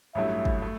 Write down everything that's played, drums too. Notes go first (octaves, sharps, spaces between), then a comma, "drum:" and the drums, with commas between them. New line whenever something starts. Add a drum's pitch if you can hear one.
A1 G2 F#3 A3 E4 E5
drum: kick
A3